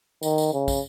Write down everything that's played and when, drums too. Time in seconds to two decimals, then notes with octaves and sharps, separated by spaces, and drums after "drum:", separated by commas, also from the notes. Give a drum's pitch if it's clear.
0.23 D#3, drum: tambourine
0.38 drum: tambourine
0.53 C#3
0.68 drum: kick, tambourine